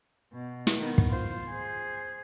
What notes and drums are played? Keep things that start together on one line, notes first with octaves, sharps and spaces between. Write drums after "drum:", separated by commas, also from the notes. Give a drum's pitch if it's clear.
B2
drum: snare
D#3 B3
drum: kick
F4 C5
G#4 C5